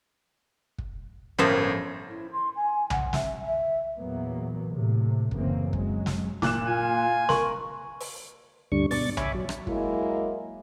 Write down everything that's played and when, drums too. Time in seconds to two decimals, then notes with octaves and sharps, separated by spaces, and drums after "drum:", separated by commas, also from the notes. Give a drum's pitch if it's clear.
0.78 drum: kick
1.39 G1 A2 F3 C#4 A4 A#4 C5 A#6
2.09 E4
2.32 C6
2.55 G#5
2.90 F#5, drum: tom B1
3.13 E5, drum: snare
3.46 E5
3.98 E2 A#2 F#3 A#3 B3
4.68 A2 C3
5.31 F#2 C#3 E3 A#3 C4, drum: kick
5.73 F#3 G#3, drum: kick
6.06 drum: snare
6.42 A#2 D6 F#6 E7, drum: snare
6.66 F4 G#5
7.29 A#4 C6 C#6, drum: snare
8.00 drum: open hi-hat
8.72 D2 G2 D3 G3 D4 C#6
8.91 B2 D5 C#6 A6, drum: open hi-hat
9.17 C#5 E5 G#5 B5 C#6 D6, drum: tom B1
9.35 F#3
9.49 drum: rim click
9.67 F#3 G#3 A#3 E4, drum: kick